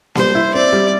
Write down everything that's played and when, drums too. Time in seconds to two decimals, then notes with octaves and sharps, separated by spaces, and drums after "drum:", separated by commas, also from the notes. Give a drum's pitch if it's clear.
0.15 G3 C5, drum: snare A#3
0.35 E4
0.54 C4 D5
0.73 G3